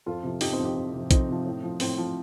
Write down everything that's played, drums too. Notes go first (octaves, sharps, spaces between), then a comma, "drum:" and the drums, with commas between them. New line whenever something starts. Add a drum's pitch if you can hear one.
F2 F4 A4
C3 F3
F2 D#4 G4, drum: open hi-hat
C4 D#4
C3 F3
D#4 G4
F2
C3 F3
F2 C4 D#4, drum: kick A#1, hi-hat
C3 F3
A2
F3
A2 C4, drum: open hi-hat
F3